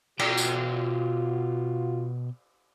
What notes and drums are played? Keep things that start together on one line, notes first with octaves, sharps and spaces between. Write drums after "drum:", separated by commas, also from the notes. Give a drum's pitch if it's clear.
B2 F4 F#4 G5 A#5, drum: cymbal
drum: tambourine